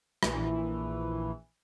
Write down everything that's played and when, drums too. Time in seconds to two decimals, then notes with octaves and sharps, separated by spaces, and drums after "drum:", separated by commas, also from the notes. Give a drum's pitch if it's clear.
0.23 A#1 E3, drum: rim click